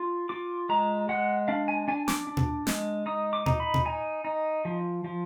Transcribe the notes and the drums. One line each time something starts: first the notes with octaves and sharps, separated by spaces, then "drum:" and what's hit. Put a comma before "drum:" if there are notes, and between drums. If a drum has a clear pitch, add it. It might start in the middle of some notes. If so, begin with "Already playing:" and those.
Already playing: F4
F4 D6
G#3 A#5
G#3 F#5
D4 F5
G#5
D4 G#5
D6, drum: snare
D4
drum: tom A#2
G#3, drum: snare
D#4 D#6
D6
D#4, drum: tom A#2
B5
drum: tom A#2
D#4 G#5
D#4
F3
F3